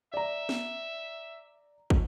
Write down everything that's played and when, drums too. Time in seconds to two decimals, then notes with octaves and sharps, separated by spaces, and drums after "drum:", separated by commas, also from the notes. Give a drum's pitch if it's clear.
0.14 D5 E5 A#5
0.49 drum: snare
1.90 drum: kick